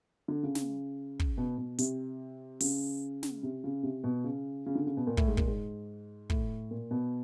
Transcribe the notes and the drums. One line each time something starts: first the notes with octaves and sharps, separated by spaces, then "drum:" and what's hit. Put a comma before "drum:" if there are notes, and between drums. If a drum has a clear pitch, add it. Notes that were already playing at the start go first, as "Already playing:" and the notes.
D3
C#3
drum: snare
drum: kick
B2
B2
C3, drum: hi-hat
C#3, drum: open hi-hat
drum: snare
C3
C#3
C3
B2
C#3
C#3
D3
C#3
B2
A#2
A2, drum: kick
G#2
A#2, drum: kick
G#2
A2, drum: kick
A#2
B2